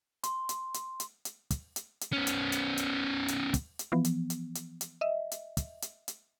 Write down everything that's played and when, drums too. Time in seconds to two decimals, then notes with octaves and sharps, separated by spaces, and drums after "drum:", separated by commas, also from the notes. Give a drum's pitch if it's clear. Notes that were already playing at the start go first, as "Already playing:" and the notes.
0.24 C6, drum: hi-hat
0.49 drum: hi-hat
0.74 drum: hi-hat
1.00 drum: hi-hat
1.25 drum: hi-hat
1.51 drum: kick, hi-hat
1.76 drum: hi-hat
2.01 drum: hi-hat
2.13 B3 C#4
2.27 drum: hi-hat
2.52 drum: hi-hat
2.78 drum: hi-hat
3.28 drum: hi-hat
3.54 drum: kick, hi-hat
3.79 drum: hi-hat
3.92 E3 F3 B3
4.05 drum: hi-hat
4.30 drum: hi-hat
4.55 drum: hi-hat
4.81 drum: hi-hat
5.01 D#5 E5
5.32 drum: hi-hat
5.57 drum: kick, hi-hat
5.82 drum: hi-hat
6.08 drum: hi-hat